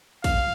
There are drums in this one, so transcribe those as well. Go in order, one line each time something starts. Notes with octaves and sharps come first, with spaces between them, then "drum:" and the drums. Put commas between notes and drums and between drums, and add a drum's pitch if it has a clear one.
F5, drum: kick, cymbal